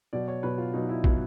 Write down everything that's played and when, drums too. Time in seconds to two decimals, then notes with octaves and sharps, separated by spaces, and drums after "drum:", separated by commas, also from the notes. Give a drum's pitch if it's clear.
0.13 B2 F#3 D5
0.28 C#5
0.43 B2 F#3 B4
0.58 F4
0.73 B2 F#3 D#4
0.89 E4
1.04 B2 F#3 E4, drum: kick